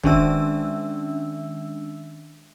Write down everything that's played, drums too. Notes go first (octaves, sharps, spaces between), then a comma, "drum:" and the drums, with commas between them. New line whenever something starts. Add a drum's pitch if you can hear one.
D#3 G#3 C#4 D4 E5 E6, drum: kick